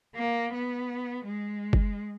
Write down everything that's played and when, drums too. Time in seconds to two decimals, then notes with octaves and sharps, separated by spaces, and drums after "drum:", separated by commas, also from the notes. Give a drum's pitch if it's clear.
0.15 A#3
0.53 B3
1.25 G#3
1.73 drum: kick